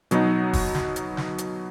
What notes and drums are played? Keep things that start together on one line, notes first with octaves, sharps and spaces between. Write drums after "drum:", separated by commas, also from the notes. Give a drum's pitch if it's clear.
B2 F#3 B3 D#4, drum: hi-hat
drum: kick, open hi-hat
drum: snare
drum: hi-hat
drum: snare
drum: hi-hat